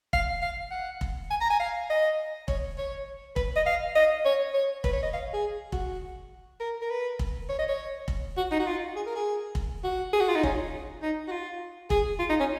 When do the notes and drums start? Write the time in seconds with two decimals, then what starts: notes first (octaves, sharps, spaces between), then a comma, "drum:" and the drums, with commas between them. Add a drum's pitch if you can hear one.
0.13 F5, drum: kick
0.42 F5
0.71 F#5
1.01 drum: kick
1.31 G#5
1.41 A#5
1.50 G#5
1.60 F5
1.90 D#5
2.48 C#5, drum: kick
2.78 C#5
3.36 B4, drum: kick
3.56 D#5
3.66 F5
3.95 D#5
4.25 C#5
4.54 C#5
4.84 B4, drum: kick
4.93 C#5
5.03 D#5
5.14 F5
5.33 G#4
5.72 F#4, drum: kick
6.60 A#4
6.82 A#4
6.90 B4
7.19 drum: kick
7.49 C#5
7.59 D#5
7.69 C#5
8.08 drum: kick
8.37 F#4
8.51 D#4
8.60 F#4
8.67 F4
8.96 G#4
9.06 A#4
9.16 G#4
9.55 drum: kick
9.84 F#4
10.13 G#4
10.20 F#4
10.29 F4
10.36 D#4
10.43 C#4, drum: kick
11.02 D#4
11.27 F#4
11.31 F4
11.90 G#4, drum: kick
12.19 F4
12.29 D#4
12.40 C#4